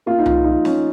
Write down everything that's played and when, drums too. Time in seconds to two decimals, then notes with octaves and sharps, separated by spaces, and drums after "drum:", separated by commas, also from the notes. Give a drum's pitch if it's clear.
0.06 A#3 F4
0.19 D#4
0.26 F3, drum: tom C2
0.44 F3 D#4
0.65 C#4, drum: snare